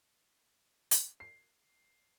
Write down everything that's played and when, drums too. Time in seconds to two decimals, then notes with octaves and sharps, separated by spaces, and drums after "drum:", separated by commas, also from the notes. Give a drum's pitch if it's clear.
0.91 drum: hi-hat
1.20 C7